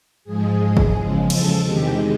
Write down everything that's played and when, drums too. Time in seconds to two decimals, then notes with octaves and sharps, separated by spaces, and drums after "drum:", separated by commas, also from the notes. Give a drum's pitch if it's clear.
0.24 G#2 F3 G#3 G#4
0.77 drum: kick G#1
0.94 E2 C#3 F3 G#3
1.30 A4, drum: cymbal
1.64 E2 C3 D#3 G#3 G4